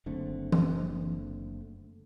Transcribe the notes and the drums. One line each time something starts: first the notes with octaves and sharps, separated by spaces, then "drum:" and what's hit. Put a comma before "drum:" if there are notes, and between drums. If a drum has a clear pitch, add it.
F#1 D3 A3 C4
drum: tom E3